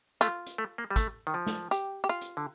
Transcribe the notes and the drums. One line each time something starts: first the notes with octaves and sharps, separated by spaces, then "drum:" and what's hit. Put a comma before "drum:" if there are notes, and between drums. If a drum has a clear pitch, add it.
A3 F4, drum: hi-hat
drum: hi-hat
A3
A#3
G3
A3, drum: kick, hi-hat
D#3
F3
drum: snare
G4, drum: hi-hat
G4
F4
drum: hi-hat
D3